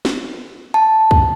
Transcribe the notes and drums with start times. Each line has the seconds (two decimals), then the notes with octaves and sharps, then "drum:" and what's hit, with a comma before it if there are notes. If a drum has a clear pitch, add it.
0.05 drum: snare
0.74 A5
1.11 drum: kick